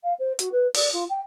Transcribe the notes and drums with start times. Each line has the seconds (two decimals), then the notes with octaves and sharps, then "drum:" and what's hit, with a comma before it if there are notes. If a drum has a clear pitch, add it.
0.03 F5
0.19 C5
0.39 F#4, drum: hi-hat
0.52 B4
0.74 D5, drum: open hi-hat
0.93 F4
1.09 G5